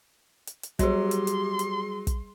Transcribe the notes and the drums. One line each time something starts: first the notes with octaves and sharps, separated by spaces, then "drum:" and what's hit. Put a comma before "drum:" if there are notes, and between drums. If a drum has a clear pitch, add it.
drum: hi-hat
drum: hi-hat
F#3 G3 G4 G#4 C6, drum: kick, hi-hat
drum: hi-hat
drum: hi-hat
drum: hi-hat
drum: kick, hi-hat